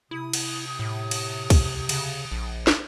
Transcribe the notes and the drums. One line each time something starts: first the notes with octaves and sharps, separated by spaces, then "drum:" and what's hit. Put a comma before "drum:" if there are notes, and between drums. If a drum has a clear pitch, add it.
C3 E4 D#6
drum: cymbal
A2
drum: cymbal
drum: kick, cymbal
C#3, drum: cymbal
A#1
drum: snare